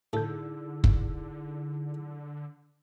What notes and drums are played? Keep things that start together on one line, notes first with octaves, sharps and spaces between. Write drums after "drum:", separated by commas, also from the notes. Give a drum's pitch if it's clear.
A2 D3 A3 D#4 E4 G#4 A4 G6
drum: kick